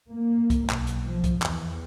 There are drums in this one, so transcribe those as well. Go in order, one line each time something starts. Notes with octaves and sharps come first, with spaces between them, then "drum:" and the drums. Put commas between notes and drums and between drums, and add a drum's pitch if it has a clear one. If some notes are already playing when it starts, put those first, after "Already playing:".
A#3
drum: kick C2, hi-hat
B1, drum: clap
drum: hi-hat
F3
drum: kick C2, hi-hat
E2, drum: clap